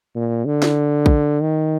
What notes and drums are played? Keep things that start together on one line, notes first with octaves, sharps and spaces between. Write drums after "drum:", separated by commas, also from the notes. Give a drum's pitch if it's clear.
A#2
D3
drum: snare
drum: kick
D#3